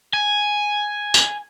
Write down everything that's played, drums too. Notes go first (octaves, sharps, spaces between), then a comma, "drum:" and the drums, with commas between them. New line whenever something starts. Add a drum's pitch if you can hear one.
G#5
drum: tambourine